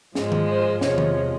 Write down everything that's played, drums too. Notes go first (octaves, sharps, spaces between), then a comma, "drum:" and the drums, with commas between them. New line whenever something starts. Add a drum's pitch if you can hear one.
G#2 F3 G#3, drum: snare
drum: tom D#3
C5
E2 C3 F3 G#3 C#5, drum: snare
drum: tom D#3